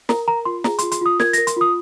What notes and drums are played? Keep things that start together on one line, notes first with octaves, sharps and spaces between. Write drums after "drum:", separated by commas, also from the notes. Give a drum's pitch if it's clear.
A#4 A#5, drum: snare
A#4 A#5
F4 C6
G#4 A#5, drum: snare
C6, drum: hi-hat
F4
C6, drum: hi-hat
F4 D#6
A#4 G#6, drum: snare
A#6, drum: hi-hat
A#4
C6, drum: hi-hat
F4 D#6